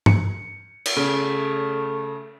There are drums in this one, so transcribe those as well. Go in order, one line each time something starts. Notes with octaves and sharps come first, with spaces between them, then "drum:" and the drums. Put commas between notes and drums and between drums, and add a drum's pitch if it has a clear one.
C#7, drum: tom
drum: cymbal
C#3 A3